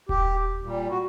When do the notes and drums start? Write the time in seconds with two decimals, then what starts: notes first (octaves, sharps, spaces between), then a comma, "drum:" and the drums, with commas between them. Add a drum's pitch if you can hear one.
0.09 G4, drum: kick D#1
0.62 A#2 G3
0.90 F#4